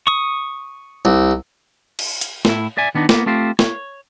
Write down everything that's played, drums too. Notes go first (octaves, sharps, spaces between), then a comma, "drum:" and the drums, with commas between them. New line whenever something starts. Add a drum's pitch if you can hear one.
C#6 D#6
C2
drum: cymbal
drum: hi-hat
A2 E4, drum: snare
D5 E5 G#5
D#3 B3 D4 D#4
A#3 B3, drum: snare
A3 C4 F4 G4 C5
C#5, drum: snare